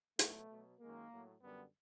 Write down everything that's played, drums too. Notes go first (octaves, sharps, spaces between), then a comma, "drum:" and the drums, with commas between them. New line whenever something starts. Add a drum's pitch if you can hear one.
B2 F#3 A3, drum: hi-hat
B2 F#3
F#2 D#3 G#3 A#3
A2 F#3
F#2 D3 G3 B3